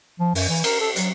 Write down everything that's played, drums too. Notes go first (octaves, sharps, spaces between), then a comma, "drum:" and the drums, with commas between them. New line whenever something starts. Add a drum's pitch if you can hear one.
F3
F#2, drum: open hi-hat
E3
A#4, drum: cymbal
A4
F#3, drum: hi-hat